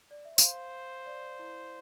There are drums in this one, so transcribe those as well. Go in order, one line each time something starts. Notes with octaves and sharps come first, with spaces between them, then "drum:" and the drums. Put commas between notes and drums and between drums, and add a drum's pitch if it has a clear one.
D5
E5
C5 F5, drum: tambourine
D5
E4